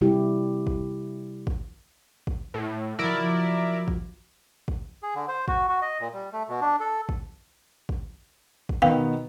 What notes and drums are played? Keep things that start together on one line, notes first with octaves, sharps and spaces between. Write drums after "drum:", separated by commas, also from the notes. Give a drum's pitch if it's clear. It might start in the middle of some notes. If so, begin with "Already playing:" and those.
C3 G3 E4 G4
drum: kick
drum: kick
drum: kick
A2
F3 F#3 E4 A#4 D5
drum: kick
drum: kick
G#4
D3
C5
F#4, drum: kick
F#4
D#5
A#2
G3
A3
B2
D4
A4
drum: kick
drum: kick
drum: kick
B2 D#3 B3 F5 G5